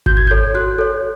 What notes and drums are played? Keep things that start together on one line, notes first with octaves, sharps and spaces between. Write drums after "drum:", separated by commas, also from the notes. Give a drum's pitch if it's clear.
F#4 G6, drum: kick G#1
G#6
A4 C#5 G6
F#4 F#6
A4 C#5